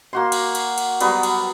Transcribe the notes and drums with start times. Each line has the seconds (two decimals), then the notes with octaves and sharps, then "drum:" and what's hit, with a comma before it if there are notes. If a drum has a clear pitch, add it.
0.13 A#3 F#4 C6
0.32 drum: cymbal
0.55 drum: cymbal
0.78 drum: cymbal
1.00 F#3 G3 B3, drum: cymbal
1.23 drum: cymbal